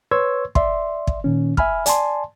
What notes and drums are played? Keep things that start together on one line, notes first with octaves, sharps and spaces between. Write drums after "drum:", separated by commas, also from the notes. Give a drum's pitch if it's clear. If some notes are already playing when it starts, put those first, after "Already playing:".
B4 C#5 C6 C#6 E6 G#6
D5 E5 C6, drum: kick
drum: kick
A#2 D#3 C#4
E5 G#5 B5 F6, drum: kick
D5 G#5 A5 C6, drum: hi-hat